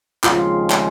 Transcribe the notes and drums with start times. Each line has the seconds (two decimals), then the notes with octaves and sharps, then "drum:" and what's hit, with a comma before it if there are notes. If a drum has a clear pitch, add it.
0.24 D#2 C#3 F3 G#3 C4 F4, drum: clap
0.70 drum: clap